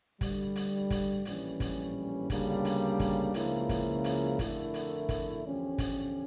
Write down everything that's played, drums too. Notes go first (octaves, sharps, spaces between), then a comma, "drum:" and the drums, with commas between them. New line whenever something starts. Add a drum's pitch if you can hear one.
D2 D3 G3, drum: kick, open hi-hat
drum: open hi-hat
drum: kick, open hi-hat
A#1 A2 E3 G3 C#4, drum: open hi-hat
drum: kick, open hi-hat
D2 C#3 G3 A#3 D4, drum: kick, open hi-hat
drum: open hi-hat
drum: kick, open hi-hat
C#2 C#3 F3 A#3 E4, drum: open hi-hat
drum: kick, open hi-hat
drum: open hi-hat
F2 D3 A3 E4 A#4, drum: kick, open hi-hat
drum: open hi-hat
drum: kick, open hi-hat
E2 D3 F3 C#4 G4
drum: kick, open hi-hat